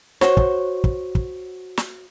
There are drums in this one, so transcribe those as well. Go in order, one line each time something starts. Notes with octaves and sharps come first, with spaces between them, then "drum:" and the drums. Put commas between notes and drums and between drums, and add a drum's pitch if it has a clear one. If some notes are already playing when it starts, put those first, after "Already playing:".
F#4 C5 C#5, drum: snare
drum: kick
drum: kick
drum: kick
drum: snare